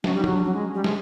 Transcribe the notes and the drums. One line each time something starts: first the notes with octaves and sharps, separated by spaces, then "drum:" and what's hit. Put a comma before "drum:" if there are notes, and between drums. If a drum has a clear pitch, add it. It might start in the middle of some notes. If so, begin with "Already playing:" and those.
F#3 C#4, drum: snare
G3 D#4
F#3, drum: tom F3
D4
F#3 C#4
G#3
G3
G#3, drum: snare